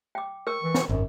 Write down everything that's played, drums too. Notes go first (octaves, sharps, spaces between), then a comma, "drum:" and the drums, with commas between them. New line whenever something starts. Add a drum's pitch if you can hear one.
G5 D6
A#4 C#6 E6
E3
drum: snare
G#1 F#2